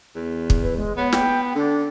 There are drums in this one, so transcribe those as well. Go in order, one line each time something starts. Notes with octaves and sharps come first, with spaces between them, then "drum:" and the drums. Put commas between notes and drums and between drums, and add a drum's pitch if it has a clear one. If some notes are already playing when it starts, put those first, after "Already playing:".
E2
drum: kick
B4
G#3
B3 C#5
G5, drum: snare
D3 D4